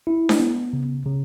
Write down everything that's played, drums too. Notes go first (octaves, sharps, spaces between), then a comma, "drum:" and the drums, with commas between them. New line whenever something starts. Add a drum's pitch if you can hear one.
E4
drum: snare D4
B3
C#3
C#3